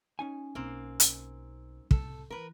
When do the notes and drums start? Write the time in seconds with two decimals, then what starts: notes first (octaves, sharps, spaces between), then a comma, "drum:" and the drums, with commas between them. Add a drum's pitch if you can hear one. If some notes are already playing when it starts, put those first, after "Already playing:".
0.19 C#4 D#4 G#5
0.55 B1 A#3 C4
1.00 drum: hi-hat
1.91 C2 A2 A4, drum: kick
2.30 E3 A#4 B4